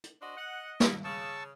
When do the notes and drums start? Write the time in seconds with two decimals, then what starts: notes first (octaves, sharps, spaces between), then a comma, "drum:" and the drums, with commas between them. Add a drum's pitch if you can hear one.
0.04 drum: hi-hat
0.22 D4 F#4 C5 D#5
0.37 F#5
0.80 E4, drum: snare
1.04 C#3 A5 C#6 E6